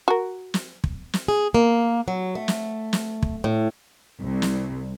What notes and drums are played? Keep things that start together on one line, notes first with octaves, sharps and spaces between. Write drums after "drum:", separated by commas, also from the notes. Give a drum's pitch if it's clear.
F#4 A#4
drum: snare
drum: kick
drum: snare
G#4
A#3
F#3
A3
drum: snare
drum: snare
drum: kick
A2
C2
drum: snare